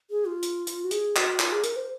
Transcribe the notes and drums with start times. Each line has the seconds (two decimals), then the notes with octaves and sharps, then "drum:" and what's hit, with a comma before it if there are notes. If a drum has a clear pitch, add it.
0.10 G#4
0.27 F4
0.43 drum: hi-hat
0.67 drum: hi-hat
0.84 F#4
0.91 G#4, drum: hi-hat
1.16 F#4, drum: clap
1.39 F4, drum: clap
1.52 G#4
1.64 A#4, drum: hi-hat
1.76 C5